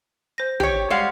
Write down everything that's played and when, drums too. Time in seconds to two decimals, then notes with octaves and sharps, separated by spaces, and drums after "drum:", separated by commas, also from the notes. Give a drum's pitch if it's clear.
0.38 C5 A#6
0.60 G4 C#5, drum: tom
0.90 G3 G#3 F5 F#5